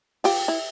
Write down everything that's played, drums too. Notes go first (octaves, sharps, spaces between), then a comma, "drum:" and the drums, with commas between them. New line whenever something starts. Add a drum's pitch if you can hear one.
F4 G4, drum: open hi-hat
E4